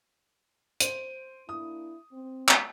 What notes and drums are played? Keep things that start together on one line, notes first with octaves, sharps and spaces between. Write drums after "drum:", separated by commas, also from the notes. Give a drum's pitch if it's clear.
C5 D7 D#7, drum: hi-hat
A#3 D4 E4 D#6
C4
drum: clap